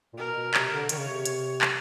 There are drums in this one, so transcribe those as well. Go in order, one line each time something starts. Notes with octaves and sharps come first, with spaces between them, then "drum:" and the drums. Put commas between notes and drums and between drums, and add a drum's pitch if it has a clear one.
A#2
B2 A#4
B2
C3, drum: clap
D3
D#3 C#5, drum: hi-hat
C#3
C3
drum: hi-hat
drum: clap